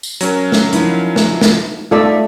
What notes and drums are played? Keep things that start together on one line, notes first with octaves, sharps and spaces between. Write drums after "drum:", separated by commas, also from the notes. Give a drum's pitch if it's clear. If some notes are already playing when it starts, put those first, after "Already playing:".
drum: tambourine
F#3 C#4 A#4, drum: hi-hat
drum: snare
F3 D#4 E4, drum: hi-hat
drum: snare
drum: snare
A3 D#4 F4 A4 D5 E5